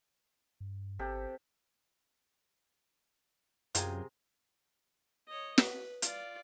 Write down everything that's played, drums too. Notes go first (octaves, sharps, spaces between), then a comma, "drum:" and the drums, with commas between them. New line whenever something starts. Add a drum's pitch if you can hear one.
G2
G#1 C3 G4 A4
F#2 C3 F4 G#4 G5 G#5 A#5, drum: hi-hat
C#5 D#5
B4, drum: snare
F4 D5, drum: hi-hat